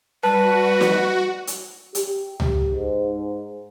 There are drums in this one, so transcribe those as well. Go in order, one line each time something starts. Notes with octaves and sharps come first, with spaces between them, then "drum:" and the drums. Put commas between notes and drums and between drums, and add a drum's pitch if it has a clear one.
G3 F#4 B4 A5
drum: snare
drum: hi-hat
G4, drum: hi-hat
drum: tom C#2
G#2